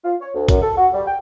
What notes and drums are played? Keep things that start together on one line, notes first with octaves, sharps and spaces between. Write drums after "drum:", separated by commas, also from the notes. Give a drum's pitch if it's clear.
F4
C#5
D2
F#2, drum: kick, hi-hat
A4
F#4
G3
G5